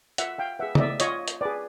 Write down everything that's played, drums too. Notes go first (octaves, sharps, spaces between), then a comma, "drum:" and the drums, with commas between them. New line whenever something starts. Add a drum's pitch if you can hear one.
F4 E5 F#5, drum: hi-hat
F5 G5
G#4 B4 E5 F#5
D#5, drum: tom C#3
D5 E5
F4 C#5 D#5, drum: hi-hat
drum: hi-hat
G#4 B4 D5